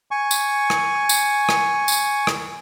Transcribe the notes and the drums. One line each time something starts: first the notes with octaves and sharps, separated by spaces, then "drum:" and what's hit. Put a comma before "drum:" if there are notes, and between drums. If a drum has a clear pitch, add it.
G#5 C#6
drum: tambourine
drum: rim click
drum: tambourine
drum: rim click
drum: tambourine
drum: rim click